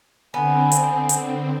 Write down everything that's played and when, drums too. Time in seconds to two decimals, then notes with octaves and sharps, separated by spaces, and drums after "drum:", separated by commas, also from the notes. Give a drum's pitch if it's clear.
0.34 D3 B3 C4 G#5
0.72 drum: hi-hat
1.09 drum: hi-hat